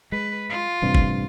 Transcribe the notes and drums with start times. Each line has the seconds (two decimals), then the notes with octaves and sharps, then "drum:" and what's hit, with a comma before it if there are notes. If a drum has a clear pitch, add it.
0.12 G#3 B4
0.50 F4
0.82 A1 G2 C3
0.95 drum: kick F#1